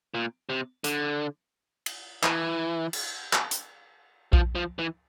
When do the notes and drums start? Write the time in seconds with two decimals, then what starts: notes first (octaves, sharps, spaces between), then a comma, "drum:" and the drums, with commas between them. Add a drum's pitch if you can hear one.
0.14 A#2
0.49 C3
0.84 D3, drum: hi-hat
1.86 drum: cymbal
2.23 E3, drum: clap
2.93 drum: cymbal
3.33 drum: clap
3.51 drum: hi-hat
4.33 F3, drum: kick A#1
4.55 F3
4.79 E3